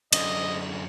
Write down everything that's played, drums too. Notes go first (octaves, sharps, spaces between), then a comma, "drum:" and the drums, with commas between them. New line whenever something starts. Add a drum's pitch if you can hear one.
F#2 D3 D#5, drum: cymbal